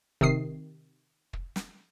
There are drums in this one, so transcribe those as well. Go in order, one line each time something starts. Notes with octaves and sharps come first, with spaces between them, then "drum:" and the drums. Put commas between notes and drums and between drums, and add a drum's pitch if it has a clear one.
C3 D#3 D#6 C7, drum: kick
drum: kick
drum: snare